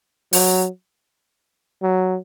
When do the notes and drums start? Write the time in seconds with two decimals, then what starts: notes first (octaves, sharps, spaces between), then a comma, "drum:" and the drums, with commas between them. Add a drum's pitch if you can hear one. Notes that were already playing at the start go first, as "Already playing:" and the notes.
0.33 F#3, drum: open hi-hat
1.82 F#3